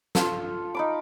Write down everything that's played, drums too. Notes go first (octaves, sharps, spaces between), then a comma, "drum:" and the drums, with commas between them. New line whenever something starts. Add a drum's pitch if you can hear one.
F4 A4, drum: snare
D#4 B5 D6